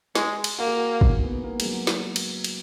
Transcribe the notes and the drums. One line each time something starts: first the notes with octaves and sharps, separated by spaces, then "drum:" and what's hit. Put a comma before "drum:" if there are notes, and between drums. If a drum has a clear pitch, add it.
G#3 G#4, drum: snare
drum: cymbal
A#3 F#4
G#4
F#4
D#4, drum: kick
A#3
B3
A#3
G#3, drum: cymbal
F#3
drum: snare
drum: cymbal
drum: cymbal